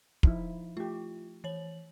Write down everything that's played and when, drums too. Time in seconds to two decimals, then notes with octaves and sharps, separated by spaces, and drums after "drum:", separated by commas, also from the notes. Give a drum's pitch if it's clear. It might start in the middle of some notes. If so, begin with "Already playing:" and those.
0.23 F3 D#4 E4, drum: kick
0.77 A3 F4 G4
1.44 E3 C#5 F#7